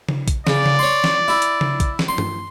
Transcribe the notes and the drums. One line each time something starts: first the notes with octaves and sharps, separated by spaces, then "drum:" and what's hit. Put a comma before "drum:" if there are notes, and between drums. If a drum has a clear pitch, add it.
drum: tom C#3
drum: kick, hi-hat
C#3 D5, drum: snare
drum: tom C#3
C#5 C6
drum: snare
E4
drum: hi-hat
drum: tom C#3
drum: kick, hi-hat
drum: snare
C6
drum: tom